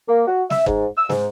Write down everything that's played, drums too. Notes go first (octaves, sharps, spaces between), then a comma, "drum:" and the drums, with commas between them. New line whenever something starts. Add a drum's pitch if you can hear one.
A#3
F#4
E5, drum: snare
G#2, drum: kick
E6
G#2, drum: snare